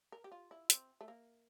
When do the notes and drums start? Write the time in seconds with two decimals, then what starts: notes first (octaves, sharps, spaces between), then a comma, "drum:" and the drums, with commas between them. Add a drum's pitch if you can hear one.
0.12 A#4
0.24 G4
0.32 F4
0.51 E4
0.70 C4, drum: hi-hat
1.01 A3
1.08 A#3